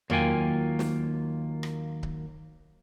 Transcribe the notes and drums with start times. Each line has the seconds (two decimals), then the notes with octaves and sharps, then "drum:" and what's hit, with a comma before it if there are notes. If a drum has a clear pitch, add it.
0.10 D#2 F#3 A#3 F4 G5 G#5, drum: tom E2
0.79 drum: snare
1.63 drum: rim click
2.03 drum: kick C#1